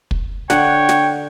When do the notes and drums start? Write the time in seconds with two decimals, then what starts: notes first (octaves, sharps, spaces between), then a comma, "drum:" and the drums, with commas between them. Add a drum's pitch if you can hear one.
0.11 drum: kick
0.50 D3 C#5 F#5 G5, drum: snare
0.89 drum: snare